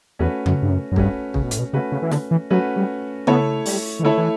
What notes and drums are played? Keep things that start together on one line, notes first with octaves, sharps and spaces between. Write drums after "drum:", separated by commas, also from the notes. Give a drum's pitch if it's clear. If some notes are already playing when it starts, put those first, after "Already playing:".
E2 A3 C#4 F#4 B4
F#2, drum: tom C#3
G2
F#2
F#2
G2 A3 C#4 F#4 B4, drum: kick
C#3, drum: kick
B2
A2, drum: hi-hat
B2
C#3 A3 C#4 F#4 B4
C#3
E3
D3, drum: snare
E3
F#3 A3 C#4 F#4 B4
G3
A3 B3 E4 A4 C#5, drum: tom C#3
G3, drum: open hi-hat
E3
D3 A3 E4 A4 C#5
E3